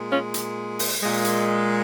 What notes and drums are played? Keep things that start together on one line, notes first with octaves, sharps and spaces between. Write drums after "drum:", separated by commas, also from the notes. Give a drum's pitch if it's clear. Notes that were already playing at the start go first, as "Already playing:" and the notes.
Already playing: A#2 G#3
C#4 F4
drum: hi-hat
drum: open hi-hat
A#2 G#3
drum: hi-hat